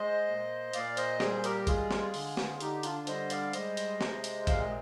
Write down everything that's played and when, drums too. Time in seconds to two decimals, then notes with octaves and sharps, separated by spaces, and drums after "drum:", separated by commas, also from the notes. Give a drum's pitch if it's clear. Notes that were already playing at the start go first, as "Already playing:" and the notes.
Already playing: G#3 C5 D#5
0.27 A#2
0.73 A#2 D5 F5, drum: hi-hat
0.97 C5 D#5, drum: hi-hat
1.20 G3 G#4 C5, drum: snare
1.44 G4 A#4, drum: hi-hat
1.60 A#4
1.67 G#3 F4 G#4, drum: kick A1, hi-hat
1.91 drum: snare
2.14 D3, drum: open hi-hat
2.37 drum: snare
2.56 G#4
2.60 D3 D#4 G4, drum: hi-hat
2.83 D4 F4, drum: hi-hat
3.07 G3 C5 D#5, drum: hi-hat
3.30 D5 F5, drum: hi-hat
3.53 G#3 C5 D#5, drum: hi-hat
3.77 drum: hi-hat
4.01 C3, drum: snare
4.24 drum: hi-hat
4.47 A#2 F5, drum: kick A1, hi-hat
4.59 D#5